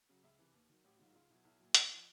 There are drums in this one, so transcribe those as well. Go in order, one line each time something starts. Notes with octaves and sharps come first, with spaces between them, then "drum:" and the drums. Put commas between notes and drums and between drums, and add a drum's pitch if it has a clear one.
C#3 F#3
C#2 E5
C3 E3 B4
D#2
D#3 F#3
A1 G4
F#4
G#2 D#3 F#3 F4
C#2 F4
B2 F#3 E4
B1 E4
A#2 F#3
A#1, drum: hi-hat
F3